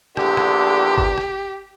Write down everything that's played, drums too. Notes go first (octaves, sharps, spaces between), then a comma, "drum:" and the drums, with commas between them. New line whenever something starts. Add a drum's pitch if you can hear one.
A#1 E2 D3 G4, drum: rim click
drum: rim click
drum: kick
drum: rim click